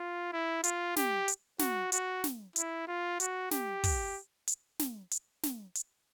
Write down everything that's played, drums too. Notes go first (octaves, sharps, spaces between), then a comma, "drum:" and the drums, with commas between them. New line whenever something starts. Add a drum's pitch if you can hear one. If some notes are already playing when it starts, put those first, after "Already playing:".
Already playing: F4
E4
F4, drum: hi-hat
G4, drum: snare
drum: hi-hat
F#4, drum: snare
F#4, drum: hi-hat
drum: snare
E4, drum: hi-hat
F4
F#4, drum: hi-hat
G4, drum: snare
drum: kick, open hi-hat
drum: hi-hat
drum: snare
drum: hi-hat
drum: snare
drum: hi-hat